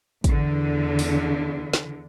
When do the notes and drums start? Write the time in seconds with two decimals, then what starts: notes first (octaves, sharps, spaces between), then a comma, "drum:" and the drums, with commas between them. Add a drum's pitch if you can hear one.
0.24 E2 D3, drum: kick, hi-hat
0.99 drum: open hi-hat
1.73 drum: snare